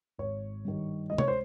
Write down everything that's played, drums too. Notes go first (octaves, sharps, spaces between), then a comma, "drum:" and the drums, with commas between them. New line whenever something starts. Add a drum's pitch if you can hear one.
G#1 C#5
G2 D#3
C#2 D#5
C#5, drum: tom C3
C5